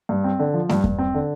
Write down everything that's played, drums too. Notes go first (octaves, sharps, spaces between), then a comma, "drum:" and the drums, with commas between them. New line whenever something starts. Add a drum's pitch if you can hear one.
G2
C4
D3
F3
G2, drum: snare A3
G2, drum: kick E2
C4
D3